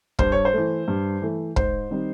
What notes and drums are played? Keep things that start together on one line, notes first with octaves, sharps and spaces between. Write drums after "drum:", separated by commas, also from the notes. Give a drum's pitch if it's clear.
G2 C5, drum: kick
C#5
C5
E3 A3
G2
E3 A3
G#2 C5, drum: kick
D#3 G3 C4 D#4